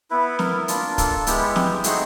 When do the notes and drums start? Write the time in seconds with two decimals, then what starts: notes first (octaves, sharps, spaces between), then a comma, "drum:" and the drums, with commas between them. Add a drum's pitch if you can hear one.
0.11 B3 E4 B4
0.39 A#4, drum: snare
0.68 A#3 D4 F4, drum: hi-hat
0.98 A4, drum: kick, hi-hat
1.27 G#3 B3 E4 G4, drum: hi-hat
1.56 G4, drum: snare
1.70 G4
1.84 A3 C4 D#4 F#4 G#4, drum: hi-hat